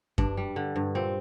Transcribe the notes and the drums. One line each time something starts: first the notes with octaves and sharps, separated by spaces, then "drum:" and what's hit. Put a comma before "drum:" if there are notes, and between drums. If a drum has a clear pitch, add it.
G2 D4, drum: kick F#2
G3
D3
G2
A#2 C4